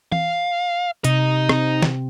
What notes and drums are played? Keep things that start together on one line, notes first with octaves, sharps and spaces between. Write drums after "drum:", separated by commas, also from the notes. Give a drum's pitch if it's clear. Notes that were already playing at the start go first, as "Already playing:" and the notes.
F5, drum: tom E3
C3 D#4 D#5, drum: hi-hat
C4, drum: rim click
drum: snare